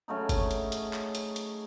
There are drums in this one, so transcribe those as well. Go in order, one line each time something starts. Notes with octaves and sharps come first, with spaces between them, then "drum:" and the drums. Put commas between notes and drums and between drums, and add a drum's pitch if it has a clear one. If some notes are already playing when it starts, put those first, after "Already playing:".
C#3 F#3 A3 D#4
drum: kick F#1, hi-hat
drum: hi-hat
drum: hi-hat
drum: clap
drum: hi-hat
drum: hi-hat